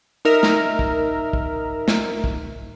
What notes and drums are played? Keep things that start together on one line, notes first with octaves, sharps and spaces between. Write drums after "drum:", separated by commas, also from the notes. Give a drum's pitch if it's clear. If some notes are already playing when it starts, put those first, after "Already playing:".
D#4 A#4 E5
drum: snare
drum: kick
drum: kick
drum: snare
drum: kick